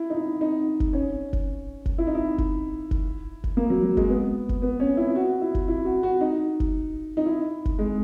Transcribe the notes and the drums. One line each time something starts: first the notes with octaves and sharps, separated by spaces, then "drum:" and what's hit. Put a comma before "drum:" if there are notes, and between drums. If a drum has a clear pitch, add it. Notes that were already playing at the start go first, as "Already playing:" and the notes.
Already playing: E4
D#4
E4
D#4
drum: kick
C#4
drum: kick
drum: kick
E4
D#4
E4
drum: kick
drum: kick
drum: kick
A#3
F#3
F#3
G#3, drum: kick
B3
drum: kick
B3
C#4
E4
E4
F#4
E4
drum: kick
E4
F#4
F#4
D#4
drum: kick
D#4
E4
drum: kick
G#3